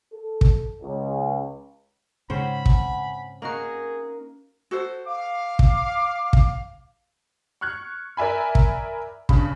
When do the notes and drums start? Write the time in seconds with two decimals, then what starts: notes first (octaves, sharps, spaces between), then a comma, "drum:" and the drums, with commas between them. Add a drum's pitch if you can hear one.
0.14 A4
0.41 drum: kick
0.82 C#2
2.30 G#2 C#3 C4 C#4 C5 F#5 B5
2.66 F#5 G#5, drum: kick
3.42 A#3 C#4 D#4 F#4 G#4 A#4
4.71 F#4 A4 C5
5.07 F5 D6
5.59 drum: kick
6.33 drum: kick
7.61 C#6 F6 F#6 G#6
8.17 A#4 D5 E5 G#5 B5
8.55 drum: kick
9.29 G2 C#3 B5, drum: kick